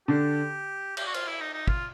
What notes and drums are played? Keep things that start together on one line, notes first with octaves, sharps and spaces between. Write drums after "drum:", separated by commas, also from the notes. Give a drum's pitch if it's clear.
D3 D4 G4
G4, drum: cymbal
F#4
F4, drum: cymbal
E4
D#4
D#4
F4, drum: kick